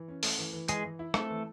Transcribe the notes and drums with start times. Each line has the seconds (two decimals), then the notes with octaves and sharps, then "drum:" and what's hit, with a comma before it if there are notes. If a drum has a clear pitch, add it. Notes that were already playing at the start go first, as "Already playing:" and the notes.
Already playing: E3
0.08 C#4
0.23 A3, drum: open hi-hat
0.38 E3
0.53 E3
0.68 E3 G#3 G#4, drum: hi-hat
0.84 E3
0.99 E4
1.14 A3 C4 A4, drum: rim click
1.30 E3